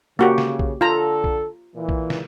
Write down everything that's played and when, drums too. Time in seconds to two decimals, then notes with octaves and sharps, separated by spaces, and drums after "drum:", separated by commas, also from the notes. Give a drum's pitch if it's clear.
0.19 C#3 A#3 F#4 G4
0.38 drum: snare
0.59 drum: kick A#1
0.81 D3 F4 A4 A#5
1.24 drum: kick A#1
1.76 A#2 E3
1.89 drum: kick A#1
2.10 drum: snare